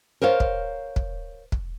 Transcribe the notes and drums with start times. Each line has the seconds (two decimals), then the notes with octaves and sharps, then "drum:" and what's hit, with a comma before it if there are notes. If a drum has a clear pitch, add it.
0.22 A#4 C5 C#5 F5
0.40 drum: kick
0.96 drum: kick
1.52 drum: kick